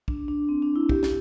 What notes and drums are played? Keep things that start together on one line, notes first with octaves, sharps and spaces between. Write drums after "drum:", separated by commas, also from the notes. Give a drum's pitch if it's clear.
D4, drum: kick
D4
C4
D4
E4
G4, drum: kick
drum: snare